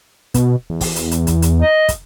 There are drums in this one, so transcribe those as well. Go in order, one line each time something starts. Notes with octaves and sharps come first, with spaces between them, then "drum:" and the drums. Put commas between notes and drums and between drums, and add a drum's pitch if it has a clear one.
B2, drum: kick, hi-hat
E2
drum: kick, open hi-hat
drum: hi-hat
drum: hi-hat
drum: kick, hi-hat
drum: hi-hat
D#5
drum: kick, hi-hat